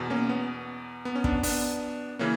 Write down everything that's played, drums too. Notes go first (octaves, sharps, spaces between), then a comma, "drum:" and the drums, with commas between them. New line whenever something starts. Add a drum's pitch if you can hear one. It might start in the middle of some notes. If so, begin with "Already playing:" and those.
Already playing: E2 B2
A#3 C#4
B3
B3
C#4
B3 D4, drum: kick
B3 D4, drum: open hi-hat
C#3 E3 A#3 C#4